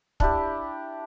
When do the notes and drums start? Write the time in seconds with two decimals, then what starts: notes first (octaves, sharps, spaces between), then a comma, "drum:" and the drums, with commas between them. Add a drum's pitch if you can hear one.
0.20 D4 E4 G4, drum: kick